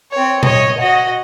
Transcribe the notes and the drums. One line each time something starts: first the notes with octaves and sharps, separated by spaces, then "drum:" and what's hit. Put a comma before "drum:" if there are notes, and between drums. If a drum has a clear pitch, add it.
C4 C#5
C#5 D#5, drum: tom A#2
F#4 D#5